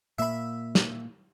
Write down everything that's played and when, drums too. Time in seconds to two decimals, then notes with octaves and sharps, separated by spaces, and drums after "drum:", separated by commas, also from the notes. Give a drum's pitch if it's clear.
0.19 A#2 A#3 E5 B5
0.75 drum: snare